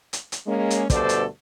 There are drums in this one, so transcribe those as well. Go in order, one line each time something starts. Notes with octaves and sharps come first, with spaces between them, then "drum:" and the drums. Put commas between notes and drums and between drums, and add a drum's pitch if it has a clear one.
drum: hi-hat
drum: hi-hat
G#3 A#3 C#4
drum: hi-hat
D2 G2 B2 A4 C5 D5, drum: kick, hi-hat
drum: hi-hat